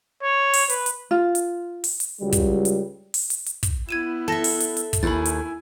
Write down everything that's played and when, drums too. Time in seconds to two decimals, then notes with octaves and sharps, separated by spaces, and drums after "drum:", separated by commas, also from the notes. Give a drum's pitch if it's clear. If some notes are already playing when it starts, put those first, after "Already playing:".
0.23 C#5
0.53 drum: open hi-hat
0.69 B4, drum: hi-hat
0.86 drum: hi-hat
1.11 F4
1.35 drum: hi-hat
1.84 drum: open hi-hat
2.00 drum: hi-hat
2.21 C#2 F#3 G3
2.32 drum: kick, hi-hat
2.65 drum: hi-hat
3.14 drum: open hi-hat
3.30 drum: hi-hat
3.46 drum: hi-hat
3.63 drum: kick, hi-hat
3.89 B3 E4 G#6 D#7 E7
4.28 A4 E5 A5 A#6
4.44 drum: open hi-hat
4.60 drum: hi-hat
4.77 drum: hi-hat
4.93 drum: kick, hi-hat
5.03 D#2 E4 G#5 B5 A6
5.25 drum: hi-hat